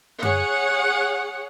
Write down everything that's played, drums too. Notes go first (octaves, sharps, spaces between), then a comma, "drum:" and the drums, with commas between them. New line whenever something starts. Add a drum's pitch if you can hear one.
G#4 C#5 F#5, drum: tom F#2